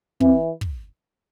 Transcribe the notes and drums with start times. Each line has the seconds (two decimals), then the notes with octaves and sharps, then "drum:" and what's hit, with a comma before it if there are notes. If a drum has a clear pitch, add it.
0.20 E3 C4, drum: kick
0.61 drum: kick